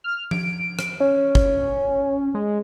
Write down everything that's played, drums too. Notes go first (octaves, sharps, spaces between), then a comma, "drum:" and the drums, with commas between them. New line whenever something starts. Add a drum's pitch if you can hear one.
F6
D7, drum: tom F3
drum: rim click
C#4
drum: kick
G#3